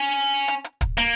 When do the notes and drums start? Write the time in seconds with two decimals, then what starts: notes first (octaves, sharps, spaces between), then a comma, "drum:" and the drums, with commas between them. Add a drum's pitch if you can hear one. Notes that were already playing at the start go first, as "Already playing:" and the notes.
Already playing: C#4
0.48 drum: hi-hat
0.64 drum: hi-hat
0.81 drum: kick, hi-hat
0.98 A#3, drum: hi-hat